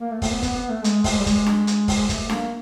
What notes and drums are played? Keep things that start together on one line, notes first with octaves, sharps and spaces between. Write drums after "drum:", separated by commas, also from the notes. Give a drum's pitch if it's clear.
A#3
A3
A3, drum: kick, open hi-hat
B3
B3, drum: kick, hi-hat
B3
A3
G#3, drum: hi-hat
A3, drum: kick, open hi-hat
G#3
G3
G#3, drum: kick, hi-hat
drum: snare D4
drum: hi-hat
drum: kick, open hi-hat
A3, drum: kick, hi-hat
A#3, drum: snare D4